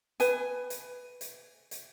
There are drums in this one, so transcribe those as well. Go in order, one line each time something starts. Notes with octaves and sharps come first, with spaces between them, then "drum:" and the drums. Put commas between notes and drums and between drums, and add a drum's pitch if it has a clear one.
B4 G#5, drum: hi-hat
drum: hi-hat
drum: hi-hat
drum: hi-hat